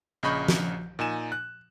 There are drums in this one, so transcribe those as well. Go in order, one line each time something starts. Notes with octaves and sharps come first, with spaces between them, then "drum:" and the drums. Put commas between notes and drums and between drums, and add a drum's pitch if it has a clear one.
A#1 C#3 D#5 B5 C#6 G6
drum: snare
A#2 D#4 G#5 E7
F#6